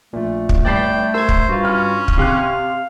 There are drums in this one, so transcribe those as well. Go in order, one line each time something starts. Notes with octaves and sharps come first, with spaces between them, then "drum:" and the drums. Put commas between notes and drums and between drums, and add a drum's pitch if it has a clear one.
A#1 A#2 A3
drum: kick
G1 D5 G5 A5 B5 A6 C7
A#4 C5 E6 G#6
drum: kick
G2 F4 F#4
C#4 B5 F6
drum: kick
C3 G4 F5 C6 F#6